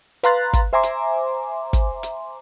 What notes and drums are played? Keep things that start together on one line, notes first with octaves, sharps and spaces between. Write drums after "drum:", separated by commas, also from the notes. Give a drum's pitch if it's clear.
B4 F5 A#5 C6 F#6 A6, drum: hi-hat
drum: kick, hi-hat
C5 E5 G#5 A#5 C6 D6
drum: hi-hat
drum: kick, hi-hat
drum: hi-hat